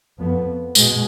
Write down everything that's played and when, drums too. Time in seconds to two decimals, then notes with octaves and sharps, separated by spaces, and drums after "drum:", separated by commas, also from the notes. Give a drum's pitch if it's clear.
0.18 F2 F3 B3
0.75 B2 G#3, drum: tambourine